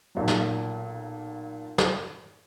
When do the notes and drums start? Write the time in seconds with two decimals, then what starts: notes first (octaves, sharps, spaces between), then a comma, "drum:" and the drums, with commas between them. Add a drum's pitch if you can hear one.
0.15 B1 A#2 F#3
0.28 drum: snare
1.78 drum: snare